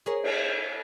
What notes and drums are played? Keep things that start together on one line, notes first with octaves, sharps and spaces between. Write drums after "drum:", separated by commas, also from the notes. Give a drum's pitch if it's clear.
G#4 A#4 C#5
drum: cymbal